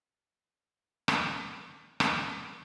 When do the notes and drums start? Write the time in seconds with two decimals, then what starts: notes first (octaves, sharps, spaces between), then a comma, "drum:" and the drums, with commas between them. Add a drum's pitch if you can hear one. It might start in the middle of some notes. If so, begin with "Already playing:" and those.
0.22 F3
1.08 drum: rim click
1.39 G#4
2.00 drum: rim click
2.25 F6